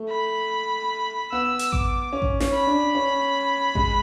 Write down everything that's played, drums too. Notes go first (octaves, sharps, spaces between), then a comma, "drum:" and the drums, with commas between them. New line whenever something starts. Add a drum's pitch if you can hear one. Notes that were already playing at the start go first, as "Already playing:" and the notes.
Already playing: A3
B5
B3 E6
drum: hi-hat
D6, drum: kick A1
C#4
drum: kick A1
C#4, drum: snare
B5
D4
C#4
G#3, drum: kick A1